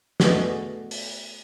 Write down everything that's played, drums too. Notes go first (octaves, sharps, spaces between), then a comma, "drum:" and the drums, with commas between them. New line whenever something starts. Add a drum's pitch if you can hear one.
A3 B3 F#4 G#4 D5 D#5, drum: snare
drum: open hi-hat